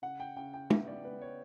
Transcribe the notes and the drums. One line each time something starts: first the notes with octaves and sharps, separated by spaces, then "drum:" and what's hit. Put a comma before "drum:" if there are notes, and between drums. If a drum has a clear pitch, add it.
C#3 F#5
G5
C#3 G5
G5
B3 E5, drum: tom
D5
B3 B4
C#5